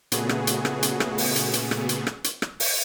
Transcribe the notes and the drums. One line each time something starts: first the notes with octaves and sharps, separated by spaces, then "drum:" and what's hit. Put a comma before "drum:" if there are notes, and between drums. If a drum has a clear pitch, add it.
A#2 C#3 A3 B3 F#4 G#4, drum: hi-hat
drum: rim click
drum: hi-hat
drum: rim click
drum: hi-hat
drum: rim click
drum: open hi-hat
drum: hi-hat
drum: hi-hat
drum: rim click
drum: hi-hat
drum: rim click
drum: hi-hat
drum: rim click
drum: open hi-hat